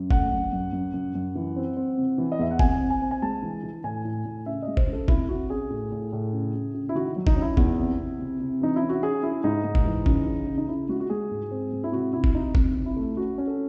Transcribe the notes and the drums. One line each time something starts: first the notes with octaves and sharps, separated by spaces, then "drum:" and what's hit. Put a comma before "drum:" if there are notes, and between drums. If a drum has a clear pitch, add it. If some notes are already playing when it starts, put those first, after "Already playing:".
Already playing: F#2
A3 F#5, drum: kick
F#2
F#2
F#2
F#2
F#2
E3
C4
C4
C3
E3
D#5
E2 E5
F#5
C3 G#5, drum: kick
C4
G#5
C4
G#5
G#3 A5
E3
E3
A2 G#5
A2
A2
C#3 E5
D#5
G#3
C5, drum: kick
C#3
A4
C3 E4, drum: kick
C3 F#4
C#4 G#4
A2
A2
A2
C#3
C#3
C#3
E4
D#3 F#4
F#3
D#4, drum: kick
C#4
E4
E2, drum: kick
C3
C3
C3
C3
E3 D#4
E4
C#4
F#4
C#4 G#4
C#4 E4
G#2 D#4
G#2
drum: kick
E3
C#3, drum: kick
C#3
C#3
D#4
C#3 E4
G#3 F#4
F#4
G#3 G#4
G#2
C4
G#2
E4
C3 F#4
C3 E4
drum: kick
C3 D#4
C3, drum: kick
C3
E4
A3
C#4 F#4
C#4
A4